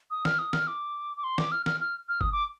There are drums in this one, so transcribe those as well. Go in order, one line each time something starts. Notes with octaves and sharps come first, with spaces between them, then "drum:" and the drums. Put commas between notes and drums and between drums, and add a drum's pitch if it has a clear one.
D#6
F6, drum: snare
D#6
F6, drum: snare
D6
D6
C6
D6, drum: snare
F6
F6, drum: snare
F6
F6
D#6, drum: kick G1
D6